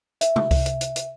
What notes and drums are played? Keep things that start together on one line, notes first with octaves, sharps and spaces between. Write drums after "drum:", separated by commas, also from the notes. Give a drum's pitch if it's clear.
E5, drum: hi-hat
drum: tom C3
drum: kick C#2, open hi-hat
drum: hi-hat
drum: hi-hat
drum: hi-hat